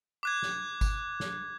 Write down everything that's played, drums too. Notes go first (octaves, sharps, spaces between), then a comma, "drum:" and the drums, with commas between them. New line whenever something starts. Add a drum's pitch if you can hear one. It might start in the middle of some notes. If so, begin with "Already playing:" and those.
D6 F#6 G#6
drum: snare
drum: kick G1, tambourine
drum: snare